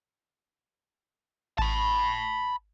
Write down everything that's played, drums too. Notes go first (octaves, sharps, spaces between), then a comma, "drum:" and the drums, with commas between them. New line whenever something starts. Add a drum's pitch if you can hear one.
A5 B5, drum: kick G#1